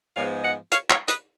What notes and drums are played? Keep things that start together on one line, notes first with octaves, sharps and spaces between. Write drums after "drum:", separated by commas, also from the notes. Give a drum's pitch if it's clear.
G#2 F3 G#3 B3 C#5 F5
D#5 F#5
C#5 F5, drum: hi-hat
C#5 F5, drum: clap
B4 D#5, drum: hi-hat